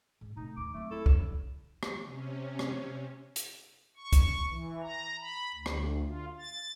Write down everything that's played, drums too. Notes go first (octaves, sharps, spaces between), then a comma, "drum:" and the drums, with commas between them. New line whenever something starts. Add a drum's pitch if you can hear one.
G#2
A2 C3 D#4
D#2 D#3 D6
F#3 A3 C4
E4 A4
drum: kick
drum: rim click
C3 C#4
drum: rim click
drum: hi-hat
C#6
drum: kick, hi-hat
E3
A#5
B5
D2
drum: rim click
F4
A6